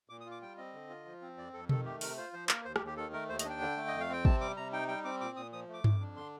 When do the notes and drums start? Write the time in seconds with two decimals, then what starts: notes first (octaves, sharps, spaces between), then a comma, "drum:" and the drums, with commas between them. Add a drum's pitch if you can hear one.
0.09 A#2 D6
0.21 D#6
0.26 F4
0.31 D6
0.41 G3 G5
0.58 C4 D#5
0.74 D3
0.89 F4
1.05 F3
1.22 C4
1.37 F2 D5
1.53 F2 A4
1.69 D#3 A4, drum: tom B2
1.85 A3 G4
2.01 C3 A#4, drum: open hi-hat
2.17 F4 C5
2.33 F3 C5
2.49 A#3 A#4, drum: clap
2.65 D#2 C5
2.76 G4, drum: rim click
2.81 D#2
2.87 G4
2.97 D#3 A4
3.13 A3 A#4
3.29 D#2 C5
3.39 D#5, drum: hi-hat
3.45 D4
3.50 G5
3.61 D3
3.77 A3
3.88 D#5
3.93 F2
4.00 F5
4.09 C4 G5
4.25 C3 A5, drum: kick
4.40 G3 D6
4.56 C3 A#5
4.73 D#4 G5
4.88 G3 G5
5.04 C4 D6
5.20 A#2 D6
5.36 A#2 D#6
5.52 F3 D#6
5.68 A3
5.74 D6
5.84 F2, drum: tom G2
6.00 D4
6.16 D3 C6